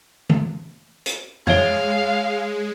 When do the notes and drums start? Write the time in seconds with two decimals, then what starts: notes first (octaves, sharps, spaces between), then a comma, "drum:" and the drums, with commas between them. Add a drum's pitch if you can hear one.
0.30 drum: tom
1.06 drum: hi-hat
1.47 G#3 C#5 E5 F5 G#6, drum: tom F2